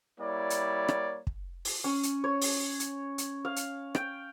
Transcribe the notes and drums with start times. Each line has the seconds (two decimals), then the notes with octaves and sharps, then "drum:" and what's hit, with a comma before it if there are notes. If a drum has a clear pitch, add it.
0.19 G3 A#3 E4 C#5 D5
0.50 drum: hi-hat
0.88 drum: rim click
1.27 drum: kick
1.65 drum: open hi-hat
1.84 C#4
2.03 drum: hi-hat
2.24 C#5
2.42 drum: open hi-hat
2.80 drum: hi-hat
3.18 drum: hi-hat
3.45 F5
3.56 drum: hi-hat
3.95 G5, drum: rim click